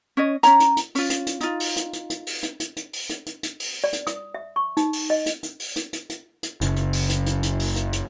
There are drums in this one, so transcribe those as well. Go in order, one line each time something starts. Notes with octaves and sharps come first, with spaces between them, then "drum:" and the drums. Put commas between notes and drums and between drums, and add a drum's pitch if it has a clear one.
C#4 C#5 D#5
C#4 C#5 A#5, drum: hi-hat
drum: hi-hat
drum: hi-hat
C#4 F4, drum: open hi-hat
drum: hi-hat
drum: hi-hat
D#4 F4, drum: hi-hat
drum: open hi-hat
drum: hi-hat
drum: hi-hat
drum: hi-hat
drum: open hi-hat
drum: hi-hat
drum: hi-hat
drum: hi-hat
drum: open hi-hat
drum: hi-hat
drum: hi-hat
drum: hi-hat
drum: open hi-hat
D5
drum: hi-hat
D#6, drum: hi-hat
E5
C#6
D#4, drum: hi-hat
drum: open hi-hat
D#5
drum: hi-hat
drum: hi-hat
drum: open hi-hat
drum: hi-hat
drum: hi-hat
drum: hi-hat
drum: hi-hat
F#1 C#3, drum: hi-hat
drum: hi-hat
drum: open hi-hat
drum: hi-hat
drum: hi-hat
drum: hi-hat
drum: open hi-hat
drum: hi-hat
drum: hi-hat